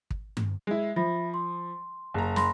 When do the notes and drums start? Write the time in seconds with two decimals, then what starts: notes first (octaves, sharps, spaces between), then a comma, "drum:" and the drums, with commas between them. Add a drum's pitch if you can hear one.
0.11 drum: kick
0.37 drum: tom G2
0.67 G#3 E4
0.96 F3 E5 B5 A#6
1.34 C6
2.14 F#1 A#5
2.36 B5 C6 A#6, drum: snare